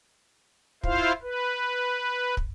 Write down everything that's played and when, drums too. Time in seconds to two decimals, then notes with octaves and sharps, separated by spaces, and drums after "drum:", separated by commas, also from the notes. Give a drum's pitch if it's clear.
0.84 E4 F4 C5 F5, drum: kick
1.22 B4
2.37 drum: kick